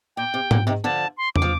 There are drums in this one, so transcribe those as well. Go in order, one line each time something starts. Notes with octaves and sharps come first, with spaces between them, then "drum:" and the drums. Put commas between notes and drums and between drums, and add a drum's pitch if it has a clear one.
A#2 G5
C3
A#2 D3, drum: tom G#2
C3 D#3
D3 F3 A5
C6
D6, drum: tom E2
F3